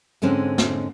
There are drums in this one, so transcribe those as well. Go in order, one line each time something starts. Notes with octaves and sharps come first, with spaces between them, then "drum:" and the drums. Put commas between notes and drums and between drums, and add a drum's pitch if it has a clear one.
G#2 D3 G#3 C4 C#4
drum: snare